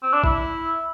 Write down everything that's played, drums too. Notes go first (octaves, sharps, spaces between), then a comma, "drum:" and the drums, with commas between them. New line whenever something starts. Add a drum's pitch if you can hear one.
C4
D4
E4, drum: kick